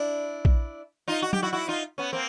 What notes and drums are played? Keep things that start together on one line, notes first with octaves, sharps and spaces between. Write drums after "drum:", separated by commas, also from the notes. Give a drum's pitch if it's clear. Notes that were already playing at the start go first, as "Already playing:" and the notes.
Already playing: D4 E4
drum: kick A#1
D#4 F4
F#4
G4, drum: tom F#3
E4 F#4
E4 F#4
D#4 F4
B3 C#4
A#3 C4